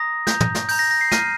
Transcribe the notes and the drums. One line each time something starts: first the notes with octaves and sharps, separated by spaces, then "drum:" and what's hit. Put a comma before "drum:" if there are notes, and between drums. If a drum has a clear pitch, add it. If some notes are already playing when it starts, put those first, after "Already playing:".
Already playing: A#5 D#6 A#6
A#5 G6, drum: snare
drum: tom
drum: snare
A#5 G6, drum: open hi-hat
A#6
A#6
C7
A#5 F6 D#7, drum: snare